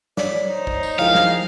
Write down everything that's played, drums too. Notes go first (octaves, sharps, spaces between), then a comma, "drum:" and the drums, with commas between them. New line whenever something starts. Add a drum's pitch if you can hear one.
C#5 D5 B5, drum: snare
D#4 C5
drum: kick
drum: tambourine
D#3 F3 G#3 E4 F5
drum: snare